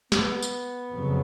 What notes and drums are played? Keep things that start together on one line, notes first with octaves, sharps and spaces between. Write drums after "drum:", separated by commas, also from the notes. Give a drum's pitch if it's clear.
B3, drum: snare
drum: tambourine
F2 C#3 F#3